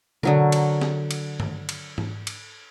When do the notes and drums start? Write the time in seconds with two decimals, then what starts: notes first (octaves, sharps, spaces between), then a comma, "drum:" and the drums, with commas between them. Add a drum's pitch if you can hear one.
0.23 D3 F#3 A#4, drum: tom B2
0.52 drum: cymbal
0.81 drum: snare
1.11 drum: cymbal
1.40 drum: tom
1.69 drum: cymbal
1.98 drum: tom G#2
2.27 drum: cymbal